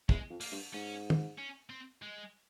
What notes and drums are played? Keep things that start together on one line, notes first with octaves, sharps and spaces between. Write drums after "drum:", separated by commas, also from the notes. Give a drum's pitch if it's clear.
E2 G#3, drum: kick
F2
A#3, drum: open hi-hat
G2
G#2 C#4
drum: tom
C#4
C4
G#3